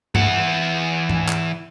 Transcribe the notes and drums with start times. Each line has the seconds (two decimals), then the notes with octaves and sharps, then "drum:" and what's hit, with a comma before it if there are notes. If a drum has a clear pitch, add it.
0.15 E3 F#5, drum: tom G2
1.10 drum: tom G#2
1.29 drum: clap